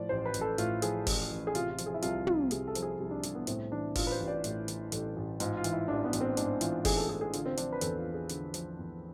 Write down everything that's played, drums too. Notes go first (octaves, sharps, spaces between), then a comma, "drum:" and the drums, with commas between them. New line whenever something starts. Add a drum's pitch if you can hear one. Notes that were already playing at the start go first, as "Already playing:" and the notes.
Already playing: A2 F3 D5
A1 C5
B4
A1, drum: hi-hat
A4
A2 F4, drum: hi-hat
F3 G#4, drum: hi-hat
A1, drum: kick F#1, open hi-hat
A1
G#4
C3 F4, drum: hi-hat
F4
F3, drum: hi-hat
G#4
E4
C2 F4, drum: hi-hat
C2, drum: tom
C3 G#4, drum: hi-hat
A4
F3, drum: hi-hat
G#4
C2
D4
C2, drum: hi-hat
B3
A2 C4, drum: hi-hat
E3 D4
A1 F4, drum: kick F#1, open hi-hat
B4
C5
A1
D5
A2, drum: hi-hat
E3, drum: hi-hat
A1 A4, drum: hi-hat
A1
G#2 F4, drum: hi-hat
F4
E3, drum: hi-hat
E4
A1 D4
B3
A1, drum: hi-hat
C4
G#2 D4, drum: hi-hat
E3 F4, drum: hi-hat
A1 G#4, drum: kick F#1, open hi-hat
A4
A1 G#4
G#4
D3 F4, drum: hi-hat
C4
F3 D4, drum: hi-hat
B4
E2 A4, drum: hi-hat
F4
E2
G#4
D3, drum: hi-hat
F3, drum: hi-hat
E2